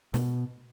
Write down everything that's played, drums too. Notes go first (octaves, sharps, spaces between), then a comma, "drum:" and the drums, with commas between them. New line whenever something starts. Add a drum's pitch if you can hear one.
B2, drum: snare